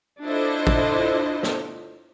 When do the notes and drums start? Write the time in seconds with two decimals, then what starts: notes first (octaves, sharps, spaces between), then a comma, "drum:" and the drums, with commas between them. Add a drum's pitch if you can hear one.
0.24 D4 E4 F4 A4 C5 D#5
0.67 drum: kick
1.43 drum: snare